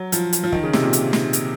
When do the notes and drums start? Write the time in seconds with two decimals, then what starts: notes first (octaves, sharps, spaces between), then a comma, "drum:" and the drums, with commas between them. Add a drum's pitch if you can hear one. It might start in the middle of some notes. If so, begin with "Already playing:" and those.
Already playing: F#3
0.12 F3, drum: hi-hat
0.33 drum: hi-hat
0.44 F3
0.52 D#3, drum: kick
0.63 C#3
0.73 C3, drum: snare
0.83 A#2
0.93 drum: hi-hat
1.13 drum: snare
1.33 drum: hi-hat